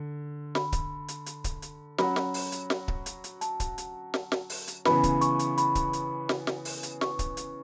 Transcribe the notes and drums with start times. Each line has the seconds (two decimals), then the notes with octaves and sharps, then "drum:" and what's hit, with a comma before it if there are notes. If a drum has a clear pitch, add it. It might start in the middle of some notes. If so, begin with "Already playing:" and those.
Already playing: D3
0.55 B5, drum: snare
0.72 drum: kick C#1, hi-hat
1.08 drum: hi-hat
1.26 drum: hi-hat
1.44 drum: kick C#1, hi-hat
1.62 drum: hi-hat
1.98 F#3 C#4 F#4 B5, drum: snare
2.16 drum: snare
2.34 drum: open hi-hat
2.52 drum: hi-hat
2.70 drum: snare
2.88 drum: kick C#1
3.06 drum: hi-hat
3.24 drum: hi-hat
3.41 A5, drum: hi-hat
3.60 drum: kick C#1, hi-hat
3.78 drum: hi-hat
4.14 drum: snare
4.32 drum: snare
4.50 drum: open hi-hat
4.68 drum: hi-hat
4.85 C#3 E3 B3 B5, drum: snare
5.03 drum: kick C#1, hi-hat
5.21 C#6, drum: hi-hat
5.39 drum: hi-hat
5.58 B5, drum: hi-hat
5.75 drum: kick C#1, hi-hat
5.93 drum: hi-hat
6.29 drum: snare
6.47 drum: snare
6.65 drum: open hi-hat
6.83 drum: hi-hat
7.01 C#6, drum: snare
7.19 drum: kick C#1, hi-hat
7.37 drum: hi-hat